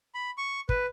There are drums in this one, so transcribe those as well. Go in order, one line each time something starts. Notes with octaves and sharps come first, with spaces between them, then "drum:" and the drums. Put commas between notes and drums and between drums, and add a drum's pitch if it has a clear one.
B5
C#6
B4, drum: kick